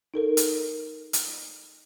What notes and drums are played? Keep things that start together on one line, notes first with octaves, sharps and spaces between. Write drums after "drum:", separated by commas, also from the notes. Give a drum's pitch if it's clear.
D#4 A4 A#4
drum: hi-hat
drum: hi-hat